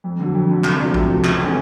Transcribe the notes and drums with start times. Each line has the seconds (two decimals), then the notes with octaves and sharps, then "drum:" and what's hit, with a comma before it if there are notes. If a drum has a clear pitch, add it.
0.04 F2
0.19 D3 F#3
0.34 F2
0.49 D3 F#3
0.64 C3, drum: clap
0.80 F3 A3 D4 F#4
0.94 C3, drum: kick
1.09 F3 A3 D4 F#4
1.24 C#2, drum: clap
1.39 C3 E3 A3 C#4